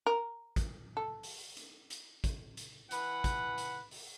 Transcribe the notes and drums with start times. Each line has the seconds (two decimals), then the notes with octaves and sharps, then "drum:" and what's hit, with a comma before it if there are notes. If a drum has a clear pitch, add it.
0.06 A#4
0.56 drum: kick, hi-hat
0.97 A4
1.23 drum: open hi-hat
1.57 drum: hi-hat
1.90 drum: hi-hat
2.24 drum: kick, hi-hat
2.57 drum: hi-hat
2.91 E3 B4 F#5, drum: hi-hat
3.24 drum: kick, hi-hat
3.58 drum: hi-hat
3.91 drum: open hi-hat